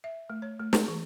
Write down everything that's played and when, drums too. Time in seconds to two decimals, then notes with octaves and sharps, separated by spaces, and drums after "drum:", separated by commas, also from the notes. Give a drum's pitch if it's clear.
0.04 E5
0.30 A3
0.42 C#5
0.60 A3
0.73 G#4, drum: snare
0.88 E3